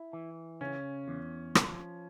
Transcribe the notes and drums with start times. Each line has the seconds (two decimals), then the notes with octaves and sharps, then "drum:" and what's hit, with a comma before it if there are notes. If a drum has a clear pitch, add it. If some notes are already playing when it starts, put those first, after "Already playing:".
Already playing: E4
0.13 E3
0.61 C#3 C#4
1.08 E2
1.55 F3, drum: rim click